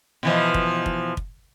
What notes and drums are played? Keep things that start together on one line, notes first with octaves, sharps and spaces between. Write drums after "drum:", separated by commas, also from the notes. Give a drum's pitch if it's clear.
B2 E3 F3
drum: kick
drum: kick
drum: kick